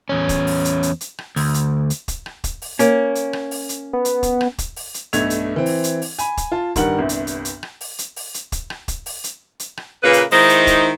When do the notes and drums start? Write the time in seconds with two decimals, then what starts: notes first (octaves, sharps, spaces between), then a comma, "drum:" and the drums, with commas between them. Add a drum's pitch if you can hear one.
0.09 E2 C#4
0.29 drum: kick, hi-hat
0.47 drum: open hi-hat
0.65 drum: hi-hat
0.83 drum: hi-hat
1.01 drum: hi-hat
1.18 drum: rim click
1.36 D2, drum: open hi-hat
1.54 drum: hi-hat
1.90 drum: hi-hat
2.08 drum: kick, hi-hat
2.26 drum: rim click
2.44 drum: kick, hi-hat
2.62 drum: open hi-hat
2.79 A#3 C#4, drum: hi-hat
3.15 drum: hi-hat
3.33 drum: rim click
3.51 drum: open hi-hat
3.69 drum: hi-hat
3.93 B3
4.05 drum: hi-hat
4.23 drum: kick, hi-hat
4.41 drum: rim click
4.58 drum: kick, hi-hat
4.76 drum: open hi-hat
4.94 drum: hi-hat
5.13 B1 G2 A3 E5 G#6 F7, drum: hi-hat
5.30 drum: hi-hat
5.56 E3 C4
5.66 drum: open hi-hat
5.84 drum: hi-hat
6.02 drum: open hi-hat
6.19 G#5 B5, drum: hi-hat
6.37 drum: kick, hi-hat
6.52 F4 A5
6.76 G2 D#3 G3 A#4 F#5 F#7, drum: kick, hi-hat
6.98 G1 C2 G2
7.09 drum: hi-hat
7.27 drum: hi-hat
7.45 drum: hi-hat
7.63 drum: rim click
7.81 drum: open hi-hat
7.98 drum: hi-hat
8.16 drum: open hi-hat
8.34 drum: hi-hat
8.52 drum: kick, hi-hat
8.70 drum: rim click
8.88 drum: kick, hi-hat
9.06 drum: open hi-hat
9.24 drum: hi-hat
9.60 drum: hi-hat
9.77 drum: rim click
10.03 A#2 C#3 A#3 B4
10.13 drum: hi-hat
10.31 D#3 G#3 D#4 E4 C5, drum: open hi-hat
10.49 drum: hi-hat
10.67 drum: kick, hi-hat